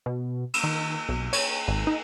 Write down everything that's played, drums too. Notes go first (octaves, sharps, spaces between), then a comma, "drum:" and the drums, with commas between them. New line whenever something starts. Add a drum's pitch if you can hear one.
B2
drum: cymbal
D#3
B1
C#5, drum: cymbal
G#1
D#4